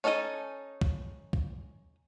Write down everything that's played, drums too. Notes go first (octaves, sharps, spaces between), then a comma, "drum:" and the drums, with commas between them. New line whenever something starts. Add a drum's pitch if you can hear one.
C#4 D#4 A4 A#4 D#5
drum: kick
drum: kick